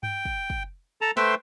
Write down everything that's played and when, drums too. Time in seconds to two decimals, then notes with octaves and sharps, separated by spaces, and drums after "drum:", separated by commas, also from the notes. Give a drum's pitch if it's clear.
0.03 G5, drum: tom G2
0.25 drum: kick
0.50 drum: kick
1.01 A4 A5 A#5
1.17 A3 B4 C5 E5 G5 C6, drum: snare